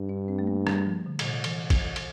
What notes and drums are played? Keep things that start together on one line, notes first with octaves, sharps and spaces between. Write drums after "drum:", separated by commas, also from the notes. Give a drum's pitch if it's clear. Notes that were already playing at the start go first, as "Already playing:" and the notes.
Already playing: G2
D4
C4
A3
A#3
G3, drum: rim click
F3
D3
A#2, drum: cymbal
C3
E3, drum: cymbal
drum: kick, cymbal
drum: cymbal